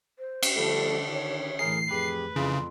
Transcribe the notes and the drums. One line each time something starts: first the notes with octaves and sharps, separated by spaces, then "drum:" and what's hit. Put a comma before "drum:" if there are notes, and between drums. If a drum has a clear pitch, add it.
C5
drum: cymbal
D3 F3 G3 A3 A4
D#3 C#5
A2 E3 G#4 A#4 C7
F2 G4 G#4 B4
F2 C#3 E3 C6